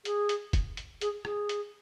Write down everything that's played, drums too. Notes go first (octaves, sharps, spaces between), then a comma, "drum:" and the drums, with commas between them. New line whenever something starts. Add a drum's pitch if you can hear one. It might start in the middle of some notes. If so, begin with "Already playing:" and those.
G#4, drum: hi-hat
drum: hi-hat
drum: kick, hi-hat
drum: hi-hat
G#4, drum: hi-hat
G#4, drum: rim click
drum: hi-hat